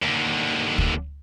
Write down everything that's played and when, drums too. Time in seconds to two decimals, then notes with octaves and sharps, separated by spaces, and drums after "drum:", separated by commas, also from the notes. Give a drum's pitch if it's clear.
0.03 D#2 D3
0.78 drum: kick